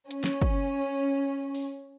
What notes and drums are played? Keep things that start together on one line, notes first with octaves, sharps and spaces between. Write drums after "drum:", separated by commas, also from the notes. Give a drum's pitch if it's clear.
C#4, drum: hi-hat
drum: snare
drum: kick
drum: open hi-hat